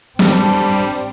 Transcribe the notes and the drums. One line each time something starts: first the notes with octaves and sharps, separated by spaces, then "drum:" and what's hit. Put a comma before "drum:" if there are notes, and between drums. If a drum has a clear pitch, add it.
G3 C4 D4 A4, drum: snare